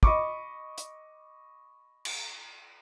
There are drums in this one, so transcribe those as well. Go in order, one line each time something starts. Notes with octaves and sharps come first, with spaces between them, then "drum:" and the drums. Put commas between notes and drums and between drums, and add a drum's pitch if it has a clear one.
D#5 B5 C#6 D6, drum: kick
drum: hi-hat
drum: cymbal